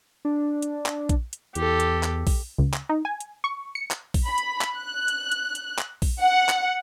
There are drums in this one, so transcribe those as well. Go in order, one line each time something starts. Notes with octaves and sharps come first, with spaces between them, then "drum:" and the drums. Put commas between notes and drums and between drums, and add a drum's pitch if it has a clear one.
D4
drum: hi-hat
drum: clap
drum: kick A#1, hi-hat
drum: hi-hat
E2 G4 A4, drum: hi-hat
drum: hi-hat
drum: clap
drum: kick A#1, open hi-hat
C#2
drum: clap
D#4
G#5
drum: hi-hat
C#6
C#7
drum: clap
drum: kick A#1, open hi-hat
B5
drum: hi-hat
drum: clap
F#6
drum: hi-hat
drum: hi-hat
drum: hi-hat
drum: clap
drum: kick A#1, open hi-hat
F#5
drum: clap